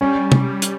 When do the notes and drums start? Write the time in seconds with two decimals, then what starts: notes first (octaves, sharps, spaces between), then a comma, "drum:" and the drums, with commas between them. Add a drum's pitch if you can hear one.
0.01 G3 C#4
0.32 drum: tom
0.62 drum: hi-hat